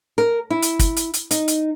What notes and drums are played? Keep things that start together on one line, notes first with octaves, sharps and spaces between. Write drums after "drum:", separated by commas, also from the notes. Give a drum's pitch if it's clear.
A#4
E4
drum: hi-hat
drum: kick, hi-hat
drum: hi-hat
drum: hi-hat
D#4, drum: hi-hat
drum: hi-hat